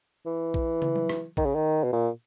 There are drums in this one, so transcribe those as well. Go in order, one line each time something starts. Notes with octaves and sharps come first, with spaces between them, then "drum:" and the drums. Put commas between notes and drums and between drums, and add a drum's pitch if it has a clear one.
E3
drum: kick A#1
drum: tom
drum: tom F#3
drum: rim click
D#3, drum: kick A#1
C#3
D#3
B2
A#2